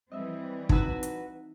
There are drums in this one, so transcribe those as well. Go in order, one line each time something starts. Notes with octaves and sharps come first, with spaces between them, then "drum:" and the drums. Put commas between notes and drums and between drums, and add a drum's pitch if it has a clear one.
E3 G3 C4 D#5 E5
D#4 E4 F#4 B4 E6, drum: kick
drum: hi-hat